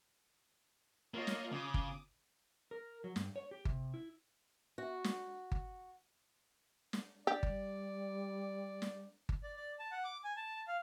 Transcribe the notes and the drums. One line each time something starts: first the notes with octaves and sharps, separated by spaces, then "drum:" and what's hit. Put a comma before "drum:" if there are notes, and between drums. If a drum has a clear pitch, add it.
A#3 F4 C#5 D#5
drum: snare
C#3 D6 D#6
drum: kick G1
A#4
F#3
G2, drum: snare
C#5
G4
C3, drum: kick G1
E4
F#4
drum: snare
drum: kick G1
drum: snare
D4 G4 D5
G3, drum: kick G1
drum: snare
drum: kick G1
D5
D5
A5
F#5
D6
G#5
A5
F5